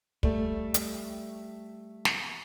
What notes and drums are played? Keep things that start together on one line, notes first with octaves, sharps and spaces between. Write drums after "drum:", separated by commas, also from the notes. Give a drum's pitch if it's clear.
G3 A3, drum: kick
drum: hi-hat
drum: snare